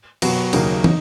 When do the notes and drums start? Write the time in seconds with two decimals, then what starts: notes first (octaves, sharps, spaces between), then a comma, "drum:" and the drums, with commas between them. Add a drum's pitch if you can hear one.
0.22 B2 F#3 B3 F#4, drum: cymbal
0.53 D#2 C#3 F#3 A#3 D#4, drum: cymbal
0.84 D#4, drum: tom